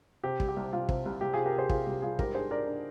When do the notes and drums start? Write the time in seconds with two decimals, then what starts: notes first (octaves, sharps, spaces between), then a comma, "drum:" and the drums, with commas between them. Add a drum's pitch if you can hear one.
0.23 C3 G4
0.40 G3, drum: kick
0.48 G4
0.57 C2
0.73 C2 F4
0.89 C3, drum: kick
1.05 C2
1.21 C2 G4
1.34 C3 F4 G#4
1.46 G4 A#4
1.54 C3 G#4 C5
1.69 C3 F4 G#4, drum: kick
1.86 C2 G4
2.02 G3 F4 G#4
2.19 G#2 G4 A#4, drum: kick
2.35 D4 G#4 C5
2.51 D4 A#4 D5
2.67 D4